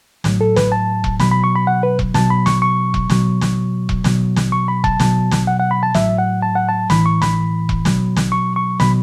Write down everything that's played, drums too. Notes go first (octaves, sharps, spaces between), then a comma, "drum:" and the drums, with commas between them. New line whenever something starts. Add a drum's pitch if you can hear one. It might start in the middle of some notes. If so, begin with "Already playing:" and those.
A2 F#3, drum: snare
A4
B4, drum: snare
A5
drum: kick E1
B2 F#3 B5, drum: snare
B5
C#6
B5
F#5
B4
drum: kick E1
B2 F#3 A5, drum: snare
B5
C#6, drum: snare
C#6
drum: kick E1
B2 F#3, drum: snare
drum: snare
drum: kick E1
B2 F#3, drum: snare
drum: snare
C#6
B5
A5, drum: kick E1
B2 F#3, drum: snare
drum: snare
F#5
F#5
B5
A5
A2 F#3 E5, drum: snare
F#5
A5
F#5
A5
A2 E3 B5, drum: snare
C#6
B5, drum: snare
drum: kick E1
B2 F#3, drum: snare
drum: snare
C#6
C#6
B2 F#3 B5, drum: snare